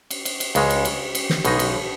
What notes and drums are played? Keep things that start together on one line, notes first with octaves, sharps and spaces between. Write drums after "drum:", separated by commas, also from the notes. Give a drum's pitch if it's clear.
drum: cymbal
drum: cymbal
drum: cymbal
C#2 C#3 G#3, drum: cymbal
drum: cymbal
drum: cymbal
drum: cymbal
drum: snare
B1 B2 G#3 D#4, drum: cymbal
drum: cymbal